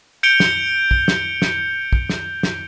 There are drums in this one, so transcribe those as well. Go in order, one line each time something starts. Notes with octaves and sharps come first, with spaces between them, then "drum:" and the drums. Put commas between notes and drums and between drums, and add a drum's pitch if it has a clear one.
G6 C#7 D7 F7 G7
drum: snare
drum: kick
drum: snare
drum: snare
drum: kick
drum: snare
drum: snare